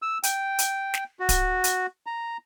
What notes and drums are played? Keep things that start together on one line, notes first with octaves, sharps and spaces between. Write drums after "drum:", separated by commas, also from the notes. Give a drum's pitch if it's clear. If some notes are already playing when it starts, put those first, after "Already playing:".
E6
G5, drum: hi-hat
drum: hi-hat
drum: snare
F#4
drum: kick D1, hi-hat
drum: hi-hat
A#5